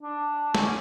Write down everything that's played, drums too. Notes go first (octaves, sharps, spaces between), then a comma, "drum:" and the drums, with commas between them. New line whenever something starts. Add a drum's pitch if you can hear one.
D4
C#4, drum: snare